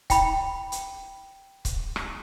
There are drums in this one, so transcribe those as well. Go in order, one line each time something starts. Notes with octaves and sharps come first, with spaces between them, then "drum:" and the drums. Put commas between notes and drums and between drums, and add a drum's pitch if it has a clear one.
G5 B5, drum: kick C#1, hi-hat
drum: hi-hat
drum: kick C#1, hi-hat
drum: rim click